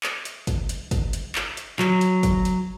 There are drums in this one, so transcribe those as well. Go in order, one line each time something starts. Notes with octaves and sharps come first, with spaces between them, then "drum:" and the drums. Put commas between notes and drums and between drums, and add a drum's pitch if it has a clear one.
drum: clap
drum: hi-hat
drum: kick, hi-hat
drum: hi-hat
drum: kick, hi-hat
drum: hi-hat
drum: clap
drum: hi-hat
F#3, drum: clap
drum: hi-hat
drum: kick, hi-hat
drum: hi-hat